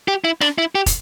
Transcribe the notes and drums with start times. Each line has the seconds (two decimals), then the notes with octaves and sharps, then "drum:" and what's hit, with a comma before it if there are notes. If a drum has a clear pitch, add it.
0.08 G4
0.24 E4
0.41 D4, drum: rim click
0.58 E4
0.75 G4
0.86 drum: kick, hi-hat